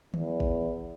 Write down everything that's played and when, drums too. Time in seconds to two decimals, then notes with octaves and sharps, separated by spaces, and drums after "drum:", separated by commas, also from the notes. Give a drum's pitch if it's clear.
0.14 E2, drum: tom D#3
0.40 drum: kick